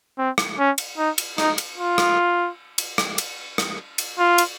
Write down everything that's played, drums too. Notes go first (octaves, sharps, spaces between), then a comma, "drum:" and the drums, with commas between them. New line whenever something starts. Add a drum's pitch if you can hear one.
C4
drum: rim click
C#4
drum: cymbal
D#4
drum: cymbal
D#4, drum: rim click
drum: cymbal
F4
drum: rim click
drum: cymbal
drum: rim click
drum: cymbal
drum: rim click
drum: cymbal
F4
drum: cymbal